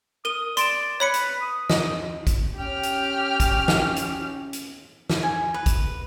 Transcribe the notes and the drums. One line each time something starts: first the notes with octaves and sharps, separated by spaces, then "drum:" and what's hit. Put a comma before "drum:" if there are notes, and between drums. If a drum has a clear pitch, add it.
A#4 D#6 D#7 G7
D5 C6 D7 E7, drum: hi-hat
B4 C#5 B5 C#7
drum: hi-hat
D#6
D#5, drum: snare
drum: kick A1, hi-hat
C#4 G4 G5 F6
drum: hi-hat
drum: kick A1, hi-hat
drum: snare
drum: hi-hat
drum: hi-hat
drum: snare
G#5
B4
drum: kick A1, hi-hat